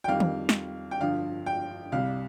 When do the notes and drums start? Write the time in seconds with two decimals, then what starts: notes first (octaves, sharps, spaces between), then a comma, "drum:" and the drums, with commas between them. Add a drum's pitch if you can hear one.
0.04 G5
0.08 F2 D#3 G3 F5
0.20 drum: tom
0.49 drum: snare
0.91 G5
1.00 G1 G2 D3 F3 F5
1.46 G5
1.92 C2 C3 G3 F5